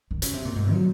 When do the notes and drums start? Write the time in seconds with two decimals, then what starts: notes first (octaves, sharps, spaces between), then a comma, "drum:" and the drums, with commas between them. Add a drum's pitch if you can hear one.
0.11 D#3
0.22 C#3, drum: hi-hat
0.33 C3
0.45 A#2
0.56 G#2
0.72 F#3